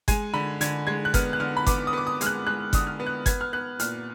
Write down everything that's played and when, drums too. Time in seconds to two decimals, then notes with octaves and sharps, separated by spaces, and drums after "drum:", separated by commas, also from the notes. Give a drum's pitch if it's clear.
0.08 G#3 G#5, drum: kick G1, hi-hat
0.34 D3 B5
0.61 D3 G#6, drum: hi-hat
0.87 G#3 G#6
1.05 F#6
1.14 B3 F6, drum: kick G1, hi-hat
1.33 F#6
1.40 D3 F6
1.57 B5
1.67 B3 D6, drum: kick G1, hi-hat
1.87 D#6
1.93 B3 D6
2.07 D#6
2.21 G#3 F6, drum: hi-hat
2.26 F#6
2.47 G#3 F#6
2.73 D3 D#6, drum: kick G1, hi-hat
2.87 F6
3.00 B3
3.07 F#6
3.26 B3 G#6, drum: kick G1, hi-hat
3.41 F6
3.53 B3 F#6
3.79 A#2 F6, drum: hi-hat